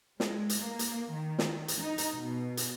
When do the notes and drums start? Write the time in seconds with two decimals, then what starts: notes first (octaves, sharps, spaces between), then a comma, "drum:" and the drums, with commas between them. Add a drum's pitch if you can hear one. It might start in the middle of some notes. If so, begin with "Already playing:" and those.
0.20 G#3, drum: snare
0.49 drum: hi-hat
0.61 A#3
0.79 drum: hi-hat
1.12 D#3
1.39 drum: snare
1.68 drum: hi-hat
1.81 D#4
1.98 drum: hi-hat
2.13 B2
2.57 drum: hi-hat